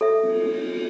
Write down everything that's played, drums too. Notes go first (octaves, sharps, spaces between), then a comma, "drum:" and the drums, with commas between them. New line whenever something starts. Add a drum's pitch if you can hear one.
A4 E5
drum: cymbal
drum: cymbal
drum: cymbal